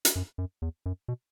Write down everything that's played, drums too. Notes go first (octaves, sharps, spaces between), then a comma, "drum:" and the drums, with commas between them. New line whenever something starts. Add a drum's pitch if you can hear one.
drum: hi-hat
F#2
F#2
E2
F#2
B2